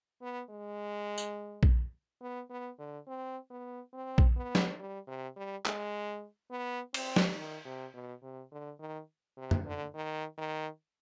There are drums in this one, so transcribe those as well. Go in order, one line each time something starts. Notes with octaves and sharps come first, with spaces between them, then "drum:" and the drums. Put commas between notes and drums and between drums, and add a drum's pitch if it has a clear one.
B3
G#3
drum: tambourine
drum: kick A#1
B3
B3
D3
C4
B3
C4
drum: kick A#1
B3
drum: snare
G3
C3
G3
G#3, drum: clap
B3
C4, drum: cymbal
drum: snare
D#3
C3
B2
C3
D3
D#3
C3
drum: tom
D3
D#3
D#3